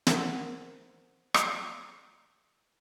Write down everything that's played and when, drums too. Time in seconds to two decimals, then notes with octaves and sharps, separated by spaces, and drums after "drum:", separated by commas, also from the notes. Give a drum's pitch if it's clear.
0.07 A#4 C5 F#5, drum: snare
1.34 drum: rim click